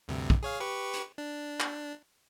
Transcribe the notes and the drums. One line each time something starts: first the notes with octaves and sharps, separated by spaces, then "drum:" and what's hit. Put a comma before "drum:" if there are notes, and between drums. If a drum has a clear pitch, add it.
D2 G2 C3
drum: kick
G#4 C#5 F5
G4 B4 C#6
drum: hi-hat
D4
drum: clap